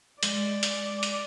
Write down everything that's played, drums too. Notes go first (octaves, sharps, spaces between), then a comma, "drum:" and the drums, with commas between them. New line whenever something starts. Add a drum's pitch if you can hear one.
G#3 D5, drum: hi-hat
drum: hi-hat
drum: hi-hat